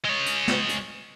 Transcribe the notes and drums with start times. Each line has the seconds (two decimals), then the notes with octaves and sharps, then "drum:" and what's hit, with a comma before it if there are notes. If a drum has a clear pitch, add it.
0.05 G#3 C#5
0.26 drum: hi-hat
0.48 drum: snare
0.69 drum: hi-hat